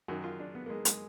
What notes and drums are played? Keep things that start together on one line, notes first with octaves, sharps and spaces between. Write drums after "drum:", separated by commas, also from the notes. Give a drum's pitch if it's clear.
F#2 D#3 F#4
F4
D4
B3
A#3
G#3
G#3, drum: hi-hat